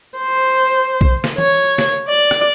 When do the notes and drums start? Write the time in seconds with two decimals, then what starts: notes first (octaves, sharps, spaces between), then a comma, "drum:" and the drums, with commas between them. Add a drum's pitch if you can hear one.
0.18 C5
1.01 drum: kick B1
1.24 drum: snare
1.38 C#5, drum: tom
1.78 drum: snare
2.08 D5
2.31 drum: rim click